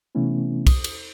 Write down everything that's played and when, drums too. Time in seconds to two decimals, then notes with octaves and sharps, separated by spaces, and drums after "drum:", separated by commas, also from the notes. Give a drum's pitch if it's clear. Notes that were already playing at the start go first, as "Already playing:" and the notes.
0.15 C3 E3 A3 B3 C#4 E4
0.67 D#6, drum: kick, cymbal
0.84 drum: cymbal